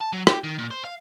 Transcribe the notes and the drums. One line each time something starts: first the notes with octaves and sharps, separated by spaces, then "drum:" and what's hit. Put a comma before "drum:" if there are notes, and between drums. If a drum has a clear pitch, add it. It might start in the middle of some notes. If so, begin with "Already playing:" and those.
A5
F#3
G4, drum: rim click
D#3
A#2
C5
F5